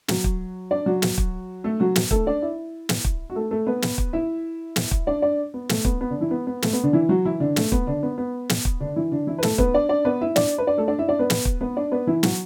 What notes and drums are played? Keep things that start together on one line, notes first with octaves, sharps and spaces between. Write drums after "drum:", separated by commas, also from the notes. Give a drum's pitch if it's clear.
F#3 F#4, drum: snare
drum: kick
D4 D5
F#3 F#4
drum: snare
drum: kick
A3 A4
F#3 F#4
drum: snare
A3 A4, drum: kick
D4 D5
E4 E5
drum: snare
drum: kick
F#4
A3 A4
A3 A4
B3 B4
drum: snare
drum: kick
E4 E5
drum: snare
drum: kick
D4 D5
D4 D5
B3
A3, drum: snare
B3, drum: kick
B3
D3 D4
E3 E4
B3
B3
A3, drum: snare
B3
D3 D4
E3 E4
F#3 F#4
E3 E4
D3 D4
A3, drum: snare
B3, drum: kick
D3 D4
B3
B3
drum: snare
drum: kick
D3 D4
E3 E4
D3 D4
E3 E4
B4
A3 A4, drum: snare
B3 B4, drum: kick
D4 D5
D4 D5
B3 B4
E4 E5
D4 D5, drum: snare
B4
D4 D5
A3 A4
D4 D5
E4 E5
D4 D5
B3 B4
drum: snare
drum: kick
B3 B4
D4 D5
B3 B4
E3 E4
F#3 F#4, drum: snare